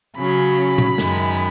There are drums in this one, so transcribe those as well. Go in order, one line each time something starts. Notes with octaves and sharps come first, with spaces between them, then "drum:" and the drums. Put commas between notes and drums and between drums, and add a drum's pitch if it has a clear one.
C#3 F#3 C#4 B5
drum: tom A#2
F#2 D#3 G#3, drum: snare